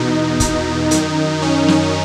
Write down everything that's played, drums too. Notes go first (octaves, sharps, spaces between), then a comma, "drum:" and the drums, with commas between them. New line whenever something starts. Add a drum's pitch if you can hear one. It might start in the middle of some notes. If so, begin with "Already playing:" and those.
Already playing: E2 B2 D#4
D#4, drum: kick, hi-hat
F#2 D#3, drum: hi-hat
C#4
drum: snare